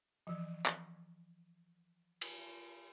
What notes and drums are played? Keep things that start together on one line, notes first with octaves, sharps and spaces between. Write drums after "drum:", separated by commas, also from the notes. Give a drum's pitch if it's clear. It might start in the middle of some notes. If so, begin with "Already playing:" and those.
E3 F3
drum: clap
drum: cymbal